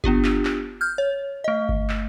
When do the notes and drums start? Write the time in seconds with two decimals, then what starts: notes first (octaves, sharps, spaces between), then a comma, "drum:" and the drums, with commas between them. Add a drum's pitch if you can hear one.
0.04 B3 D4 F4 G4, drum: kick G1
0.24 drum: clap
0.45 drum: clap
0.81 F6 G6
0.98 C#5
1.44 A3 D#5
1.69 drum: kick G1
1.89 drum: clap